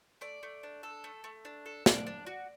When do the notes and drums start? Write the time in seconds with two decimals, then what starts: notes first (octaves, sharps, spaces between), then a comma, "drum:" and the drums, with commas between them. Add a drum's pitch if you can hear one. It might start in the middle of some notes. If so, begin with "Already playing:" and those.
0.21 A3 D5
0.43 A3
0.63 D4
0.83 A4
1.04 A3
1.24 A3
1.45 D4
1.66 A4
1.86 D4 D5, drum: snare
2.06 D4
2.26 F#4